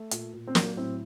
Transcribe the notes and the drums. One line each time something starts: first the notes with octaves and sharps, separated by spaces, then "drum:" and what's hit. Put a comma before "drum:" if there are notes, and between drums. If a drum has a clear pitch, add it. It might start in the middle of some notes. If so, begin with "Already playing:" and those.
Already playing: A3
A#2, drum: hi-hat
A#2
C4
F#3 A#3, drum: snare
A2 C4